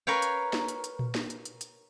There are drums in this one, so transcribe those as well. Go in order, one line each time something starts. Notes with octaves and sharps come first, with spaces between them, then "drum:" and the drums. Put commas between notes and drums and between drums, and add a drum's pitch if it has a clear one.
A#4 B4 C#5 F5 G5
drum: hi-hat
drum: snare
drum: hi-hat
drum: hi-hat
drum: tom A#2
drum: snare
drum: hi-hat
drum: hi-hat
drum: hi-hat